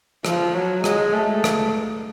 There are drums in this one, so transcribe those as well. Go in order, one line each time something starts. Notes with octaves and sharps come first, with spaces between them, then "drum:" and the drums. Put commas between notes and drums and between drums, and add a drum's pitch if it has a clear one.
F3, drum: rim click
F#3
G#3, drum: rim click
A3
drum: rim click